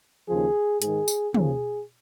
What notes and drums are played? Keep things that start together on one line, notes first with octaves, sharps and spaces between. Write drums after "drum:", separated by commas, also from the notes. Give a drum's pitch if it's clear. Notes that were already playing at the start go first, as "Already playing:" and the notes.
D#2 C#3 F3 G#4
G#2 D#3 G#4, drum: hi-hat
drum: tambourine
D#2 C#3 F3 G#4, drum: tom